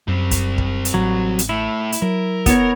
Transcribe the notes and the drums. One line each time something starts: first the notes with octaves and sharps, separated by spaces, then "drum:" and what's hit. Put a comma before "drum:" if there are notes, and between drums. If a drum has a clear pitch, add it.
F#2 G3 C4
drum: kick, hi-hat
drum: kick
drum: hi-hat
A1 F#3
drum: hi-hat
A2 A3 E4
drum: hi-hat
F#3 A#4
B3 C#5, drum: kick, hi-hat